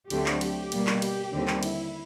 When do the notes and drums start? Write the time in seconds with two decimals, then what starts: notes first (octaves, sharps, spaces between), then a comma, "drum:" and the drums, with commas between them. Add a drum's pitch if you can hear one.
0.10 D2 D3 F#3 A3 C4 G4, drum: cymbal
0.26 drum: clap
0.41 G4, drum: cymbal
0.72 B2 G3 A#3, drum: cymbal
0.87 drum: clap
1.02 G4, drum: cymbal
1.32 D#2 D3 G3 C4
1.48 drum: clap
1.63 E4, drum: cymbal